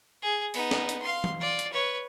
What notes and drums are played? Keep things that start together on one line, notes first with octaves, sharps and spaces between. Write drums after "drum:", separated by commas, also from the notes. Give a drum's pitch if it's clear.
G#4
B3 D#4, drum: open hi-hat
drum: snare
drum: hi-hat
F5 C6
drum: tom E3
F4 D5
drum: hi-hat
B4 C#5